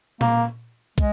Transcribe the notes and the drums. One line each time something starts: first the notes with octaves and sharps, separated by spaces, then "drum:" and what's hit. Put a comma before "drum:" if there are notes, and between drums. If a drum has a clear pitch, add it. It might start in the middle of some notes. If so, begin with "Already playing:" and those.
A#3, drum: tom A#2
G#3, drum: kick